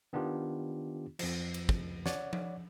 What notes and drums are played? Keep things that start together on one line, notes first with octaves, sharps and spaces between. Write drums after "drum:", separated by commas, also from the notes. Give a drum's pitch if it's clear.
D#3 B3 D4 F4 G4
F2 F3, drum: cymbal
drum: cymbal
drum: kick
C#5 D5 F#5, drum: snare
drum: tom F3